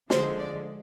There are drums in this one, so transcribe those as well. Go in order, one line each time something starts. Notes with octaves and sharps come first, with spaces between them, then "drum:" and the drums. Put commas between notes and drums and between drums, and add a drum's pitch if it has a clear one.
D3 F3 G#3 C5, drum: snare
D5